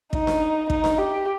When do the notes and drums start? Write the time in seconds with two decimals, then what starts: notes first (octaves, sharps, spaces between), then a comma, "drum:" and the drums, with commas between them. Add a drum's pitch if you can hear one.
0.13 D#4, drum: kick
0.27 drum: snare D4
0.70 D#4, drum: kick
0.84 drum: snare D4
0.98 G4